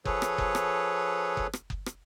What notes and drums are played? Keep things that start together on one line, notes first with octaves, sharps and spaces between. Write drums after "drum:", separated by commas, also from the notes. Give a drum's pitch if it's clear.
F3 G#4 A4 B4 C#5, drum: kick F#1
drum: rim click
drum: kick F#1
drum: rim click
drum: kick F#1
drum: rim click
drum: kick F#1
drum: rim click